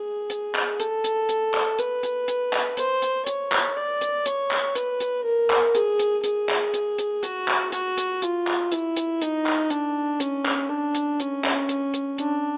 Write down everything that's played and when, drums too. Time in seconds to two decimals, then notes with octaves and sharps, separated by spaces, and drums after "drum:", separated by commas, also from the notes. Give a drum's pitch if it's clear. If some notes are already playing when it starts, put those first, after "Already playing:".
Already playing: G#4
0.30 drum: hi-hat
0.55 drum: clap
0.80 A4, drum: hi-hat
1.04 drum: hi-hat
1.29 drum: hi-hat
1.54 drum: clap
1.79 B4, drum: hi-hat
2.03 drum: hi-hat
2.28 drum: hi-hat
2.53 drum: clap
2.77 C5, drum: hi-hat
3.02 drum: hi-hat
3.27 C#5, drum: hi-hat
3.52 drum: clap
3.76 D5
4.01 drum: hi-hat
4.26 C#5, drum: hi-hat
4.51 drum: clap
4.75 B4, drum: hi-hat
5.00 drum: hi-hat
5.25 A#4
5.50 drum: clap
5.75 G#4, drum: hi-hat
5.99 drum: hi-hat
6.24 G#4, drum: hi-hat
6.49 drum: clap
6.74 drum: hi-hat
6.98 drum: hi-hat
7.23 F#4, drum: hi-hat
7.48 drum: clap
7.72 F#4, drum: hi-hat
7.97 drum: hi-hat
8.22 F4, drum: hi-hat
8.47 drum: clap
8.72 E4, drum: hi-hat
8.97 drum: hi-hat
9.22 D#4, drum: hi-hat
9.46 drum: clap
9.70 D4, drum: hi-hat
10.20 C#4, drum: hi-hat
10.45 drum: clap
10.70 D4
10.95 drum: hi-hat
11.20 C#4, drum: hi-hat
11.44 drum: clap
11.69 drum: hi-hat
11.94 drum: hi-hat
12.18 D4, drum: hi-hat